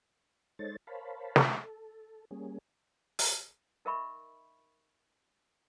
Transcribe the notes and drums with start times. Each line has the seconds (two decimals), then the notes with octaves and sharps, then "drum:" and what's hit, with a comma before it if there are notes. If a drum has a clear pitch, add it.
0.59 G#3 D#4 A4 C5 C#5 A6
0.87 A#4 C5 C#5 F5 A5 B5
1.36 drum: snare
1.60 A4
2.31 G3 A#3 C#4 G#4
3.19 drum: open hi-hat
3.85 D#4 A#4 D#5 E5 B5 C#6